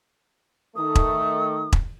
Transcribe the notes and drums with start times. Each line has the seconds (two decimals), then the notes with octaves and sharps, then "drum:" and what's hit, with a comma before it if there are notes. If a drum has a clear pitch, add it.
0.76 D#3 A3 D#6
0.95 drum: kick E1
1.73 drum: kick E1